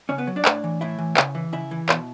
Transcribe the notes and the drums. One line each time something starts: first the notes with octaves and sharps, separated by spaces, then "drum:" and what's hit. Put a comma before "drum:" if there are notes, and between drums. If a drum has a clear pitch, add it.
C#3 C#4 C#5
B3 B4
F#3
D4 D5
A2, drum: clap
E3
A2 E4 E5
E3
C#3, drum: clap
E3
C#3 E4 E5
E3
B2, drum: clap